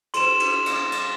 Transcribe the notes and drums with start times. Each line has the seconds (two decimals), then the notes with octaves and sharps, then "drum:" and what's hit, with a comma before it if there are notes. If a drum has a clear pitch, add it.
0.14 C6 E7, drum: cymbal
0.40 drum: cymbal
0.66 drum: cymbal
0.92 drum: cymbal